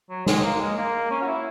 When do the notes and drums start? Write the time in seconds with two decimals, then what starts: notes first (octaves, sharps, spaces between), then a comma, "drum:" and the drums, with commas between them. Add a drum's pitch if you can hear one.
0.10 F#3
0.26 G#3, drum: snare
0.43 A#3
0.60 G#3
0.77 A#3
1.10 C#4
1.22 F#4
1.26 E4